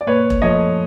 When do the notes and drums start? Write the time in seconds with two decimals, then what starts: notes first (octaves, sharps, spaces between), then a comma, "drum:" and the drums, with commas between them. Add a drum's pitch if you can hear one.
0.01 D5
0.07 A#2 B4 C#5
0.30 drum: kick E1
0.42 F3 A3 C#5 D#5